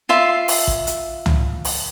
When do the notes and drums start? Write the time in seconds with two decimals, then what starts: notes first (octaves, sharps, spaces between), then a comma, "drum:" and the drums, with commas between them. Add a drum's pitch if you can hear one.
0.09 F4 E5 C6
0.48 drum: open hi-hat
0.67 drum: kick A1
0.87 drum: hi-hat
1.26 drum: tom
1.65 drum: open hi-hat